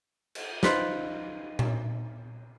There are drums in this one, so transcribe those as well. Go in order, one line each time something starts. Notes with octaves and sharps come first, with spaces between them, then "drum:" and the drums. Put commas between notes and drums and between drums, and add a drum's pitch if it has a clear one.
drum: cymbal
D#4 F4 B4 C5, drum: snare
drum: tom A#2